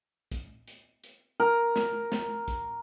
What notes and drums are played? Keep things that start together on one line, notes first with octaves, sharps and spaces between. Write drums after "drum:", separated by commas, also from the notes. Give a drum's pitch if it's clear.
drum: kick, hi-hat
drum: hi-hat
drum: hi-hat
A#4
drum: snare
drum: snare
drum: kick, hi-hat